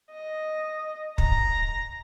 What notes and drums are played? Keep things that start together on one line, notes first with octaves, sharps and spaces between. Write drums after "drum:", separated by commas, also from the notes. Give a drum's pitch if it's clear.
D#5
A#5, drum: kick